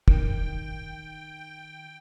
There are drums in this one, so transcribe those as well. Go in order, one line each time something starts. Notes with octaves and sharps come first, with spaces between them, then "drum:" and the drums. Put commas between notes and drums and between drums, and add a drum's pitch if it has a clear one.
D#3 G5, drum: kick